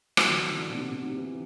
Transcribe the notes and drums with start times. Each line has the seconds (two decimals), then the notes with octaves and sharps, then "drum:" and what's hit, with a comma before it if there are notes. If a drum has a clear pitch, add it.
0.17 F#3, drum: rim click
0.27 D3
0.32 E3
0.46 D3
0.68 B2
0.75 C3
0.88 B2
1.03 C3
1.17 E3